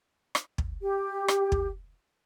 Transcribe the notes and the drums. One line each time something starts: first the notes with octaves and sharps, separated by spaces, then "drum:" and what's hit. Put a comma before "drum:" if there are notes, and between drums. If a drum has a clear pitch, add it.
drum: rim click
drum: kick
G4
drum: rim click
drum: kick